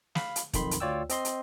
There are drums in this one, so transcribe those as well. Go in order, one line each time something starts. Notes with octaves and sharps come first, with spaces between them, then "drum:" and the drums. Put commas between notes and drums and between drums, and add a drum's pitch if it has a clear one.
F5 B5, drum: snare
drum: hi-hat
B1 F2 D#3 B5 C6, drum: kick E1, hi-hat
drum: hi-hat
D2 F4 C#5 D5 G5 E6
C4 D#5 C6, drum: hi-hat
drum: hi-hat